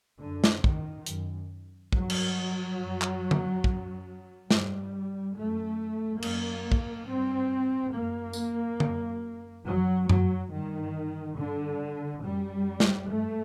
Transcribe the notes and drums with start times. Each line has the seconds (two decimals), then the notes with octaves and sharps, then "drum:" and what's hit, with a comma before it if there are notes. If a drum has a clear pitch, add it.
0.21 F#2 D3
0.44 drum: snare
0.64 D#3, drum: kick
1.06 F#2, drum: hi-hat
1.93 G2 F#3, drum: kick
2.10 drum: cymbal
2.78 F#2
3.02 drum: clap
3.31 drum: tom D3
3.64 F#2, drum: kick
4.51 G2 G3, drum: snare
5.36 F#2 A3
6.22 F#2 A#3, drum: cymbal
6.72 drum: kick
7.09 G2 C4
7.94 F#2 A#3
8.33 drum: tambourine
8.80 F#2, drum: tom D3
9.66 F#2 F#3
10.09 F#3, drum: tom F#2
10.52 G2 D#3
11.38 G2 D3
12.24 F#2 G3
12.80 drum: snare
13.10 G2 A3